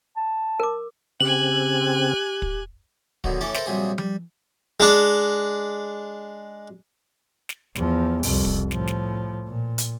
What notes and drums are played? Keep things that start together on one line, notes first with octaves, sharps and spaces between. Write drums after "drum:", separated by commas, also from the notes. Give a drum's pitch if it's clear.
A5
A#4 D6
C#3 C4 G4 G#5 F#6 F#7
drum: kick
B2 D3 D#3 F#3, drum: kick
A2 E3 C#4 A4 E5 D6
A4 A#4 C5 E5 G5 B5, drum: snare
A#1 C3 F#3 G3 G#4 D#6
G3, drum: tom F3
G#3 D4
drum: snare
E2 F3, drum: snare
C2 F2, drum: open hi-hat
drum: kick
A2 F3, drum: snare
drum: snare
A#2
drum: hi-hat